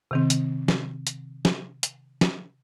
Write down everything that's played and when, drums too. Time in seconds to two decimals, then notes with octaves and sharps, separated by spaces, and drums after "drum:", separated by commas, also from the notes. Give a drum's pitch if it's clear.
0.11 C3 D#3 C4
0.30 drum: hi-hat
0.68 drum: snare
1.07 drum: hi-hat
1.45 drum: snare
1.83 drum: hi-hat
2.21 drum: snare